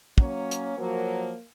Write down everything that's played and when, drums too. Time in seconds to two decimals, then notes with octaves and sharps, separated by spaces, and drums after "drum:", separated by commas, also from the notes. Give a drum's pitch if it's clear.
0.18 F#3 A#3 C#4, drum: kick
0.51 drum: hi-hat
0.78 F3 F#3 A#3